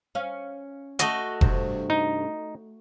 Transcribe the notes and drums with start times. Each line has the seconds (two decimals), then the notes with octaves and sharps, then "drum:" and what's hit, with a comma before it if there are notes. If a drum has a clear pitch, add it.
0.15 C#4 F5
0.99 A3 F#4 D#5, drum: hi-hat
1.41 G2 C3, drum: kick F1
1.90 D#4